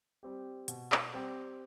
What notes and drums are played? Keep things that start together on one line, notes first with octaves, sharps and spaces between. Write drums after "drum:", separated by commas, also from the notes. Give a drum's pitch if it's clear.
G3 C4 G4
B2, drum: hi-hat
drum: clap
G3 C4 G4